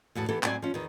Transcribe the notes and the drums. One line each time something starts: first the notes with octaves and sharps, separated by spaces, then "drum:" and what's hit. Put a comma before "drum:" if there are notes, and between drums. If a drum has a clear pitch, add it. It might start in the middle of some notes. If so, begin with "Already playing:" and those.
E2 A2 F#4 A5
E3 B3 G4 A4
A2 F#3 C4 D5 G#5, drum: clap
F3 C#4
E2 D#3